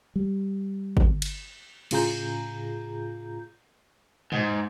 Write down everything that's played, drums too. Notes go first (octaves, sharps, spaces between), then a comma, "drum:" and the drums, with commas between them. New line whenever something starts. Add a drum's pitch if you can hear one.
G3
drum: kick G1
drum: cymbal
A2 C#3 F4 G#4 A#5 G6, drum: cymbal
G#2, drum: tom